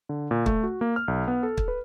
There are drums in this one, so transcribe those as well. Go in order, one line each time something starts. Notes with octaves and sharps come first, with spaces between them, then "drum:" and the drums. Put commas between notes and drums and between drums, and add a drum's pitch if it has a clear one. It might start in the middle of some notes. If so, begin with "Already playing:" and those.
D3
A#2
A3, drum: kick
F#4
A#3
F6
B1
B3
A4
drum: kick
B4